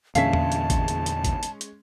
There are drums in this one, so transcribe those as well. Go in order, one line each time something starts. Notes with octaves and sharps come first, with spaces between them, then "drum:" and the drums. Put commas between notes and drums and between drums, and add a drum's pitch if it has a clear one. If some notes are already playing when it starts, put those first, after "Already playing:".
E2 A#2 D3 G#3 C#4 E5 F5 A5, drum: hi-hat
drum: tom E2
drum: hi-hat
drum: kick, hi-hat
drum: hi-hat
drum: hi-hat
drum: kick, hi-hat
drum: hi-hat
drum: hi-hat